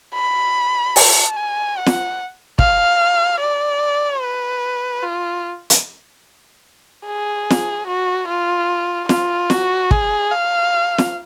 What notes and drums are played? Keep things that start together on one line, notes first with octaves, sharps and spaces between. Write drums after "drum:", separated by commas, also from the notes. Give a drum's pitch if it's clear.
B5
A5, drum: open hi-hat
G#5
F#5
drum: snare
F5, drum: kick
D5
B4
F4
drum: hi-hat
G#4
drum: snare
F#4
F4
F4, drum: snare
F#4, drum: snare
G#4, drum: kick
F5
drum: snare